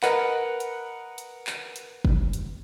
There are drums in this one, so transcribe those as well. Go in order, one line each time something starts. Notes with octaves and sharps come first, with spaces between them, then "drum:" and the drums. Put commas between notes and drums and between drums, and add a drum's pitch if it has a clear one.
A#4 B4 D#5 F#5, drum: clap
drum: hi-hat
drum: hi-hat
drum: clap
drum: hi-hat
drum: kick
drum: hi-hat